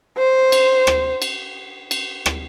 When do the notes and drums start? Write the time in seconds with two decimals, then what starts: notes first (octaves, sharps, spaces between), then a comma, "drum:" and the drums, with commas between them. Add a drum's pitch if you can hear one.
0.18 C5
0.52 drum: cymbal
0.87 drum: rim click
1.22 drum: cymbal
1.91 drum: cymbal
2.26 drum: rim click